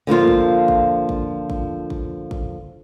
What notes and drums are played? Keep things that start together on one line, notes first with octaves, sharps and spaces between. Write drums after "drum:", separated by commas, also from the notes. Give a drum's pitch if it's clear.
D3 F3 A#3 F4
drum: kick
drum: kick
drum: kick
drum: kick
drum: kick
drum: kick